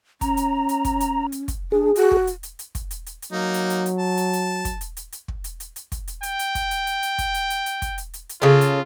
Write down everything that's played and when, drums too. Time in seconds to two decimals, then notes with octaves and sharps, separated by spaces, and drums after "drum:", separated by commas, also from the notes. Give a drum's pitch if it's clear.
0.21 C#4 A#5, drum: kick, hi-hat
0.37 drum: hi-hat
0.69 drum: hi-hat
0.85 drum: kick, hi-hat
1.00 drum: hi-hat
1.32 drum: hi-hat
1.48 drum: kick, hi-hat
1.72 D4 G#4
1.96 F#4, drum: hi-hat
2.11 drum: kick
2.27 drum: hi-hat
2.43 drum: hi-hat
2.59 drum: hi-hat
2.75 drum: kick, hi-hat
2.91 drum: hi-hat
3.06 drum: hi-hat
3.22 drum: hi-hat
3.32 F#3 A#3 D#4
3.54 drum: hi-hat
3.70 drum: hi-hat
3.86 drum: hi-hat
3.98 A5
4.17 drum: hi-hat
4.33 drum: hi-hat
4.65 drum: kick, hi-hat
4.81 drum: hi-hat
4.97 drum: hi-hat
5.12 drum: hi-hat
5.28 drum: kick
5.44 drum: hi-hat
5.60 drum: hi-hat
5.76 drum: hi-hat
5.92 drum: kick, hi-hat
6.08 drum: hi-hat
6.23 G5, drum: hi-hat
6.39 drum: hi-hat
6.55 drum: kick, hi-hat
6.71 drum: hi-hat
6.87 drum: hi-hat
7.03 drum: hi-hat
7.18 drum: kick, hi-hat
7.34 drum: hi-hat
7.50 drum: hi-hat
7.66 drum: hi-hat
7.82 drum: kick, hi-hat
7.98 drum: hi-hat
8.14 drum: hi-hat
8.29 drum: hi-hat
8.42 C#3 F4 A4
8.61 drum: hi-hat